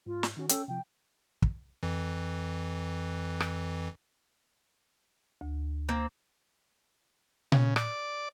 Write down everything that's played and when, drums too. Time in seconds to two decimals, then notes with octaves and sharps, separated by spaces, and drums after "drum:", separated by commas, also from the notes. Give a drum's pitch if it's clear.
0.06 G#2 F4
0.23 drum: snare
0.37 D#3 C#4 F#4
0.49 C#4 A4 G5, drum: hi-hat
0.68 C3 F3 G5
1.42 drum: kick
1.83 F2 E3
3.40 drum: rim click
5.41 D2
5.89 A#3 C4
7.52 C#3, drum: tom A#2
7.76 D5, drum: rim click